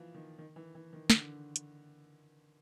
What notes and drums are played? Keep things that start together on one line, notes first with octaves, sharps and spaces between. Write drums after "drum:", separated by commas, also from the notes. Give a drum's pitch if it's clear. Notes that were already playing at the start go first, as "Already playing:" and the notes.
Already playing: E3 F3 A#3
D#3
D#3
E3
E3
D#3
D3, drum: snare
drum: hi-hat